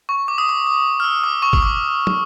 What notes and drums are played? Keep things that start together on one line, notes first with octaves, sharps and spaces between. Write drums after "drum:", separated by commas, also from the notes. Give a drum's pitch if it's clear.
C#6
D6
D#6
D6
D6
F6
E6
D6
C#6
D#6, drum: kick G#1
D6
drum: tom